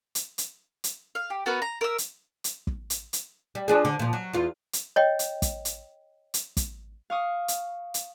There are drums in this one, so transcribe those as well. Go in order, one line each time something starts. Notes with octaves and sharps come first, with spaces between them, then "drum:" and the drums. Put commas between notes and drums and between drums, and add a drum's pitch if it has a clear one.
drum: hi-hat
drum: hi-hat
drum: hi-hat
F5
G4
B3 F#4 A#4 B4
A#5
A#4 E5 E6
drum: hi-hat
drum: hi-hat
drum: kick
drum: hi-hat
drum: hi-hat
G3
F3 D4 G#4
D3
A#2 F3
F#3
E2 F4
drum: hi-hat
C#5 D#5 G5
drum: hi-hat
drum: kick, hi-hat
drum: hi-hat
drum: hi-hat
drum: kick, hi-hat
F5 C#6 D#6
drum: hi-hat
drum: hi-hat